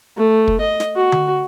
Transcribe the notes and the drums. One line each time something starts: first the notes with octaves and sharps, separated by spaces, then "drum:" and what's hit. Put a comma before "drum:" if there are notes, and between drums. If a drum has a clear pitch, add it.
A3
drum: kick
D#5
drum: snare
F#4
drum: tom D3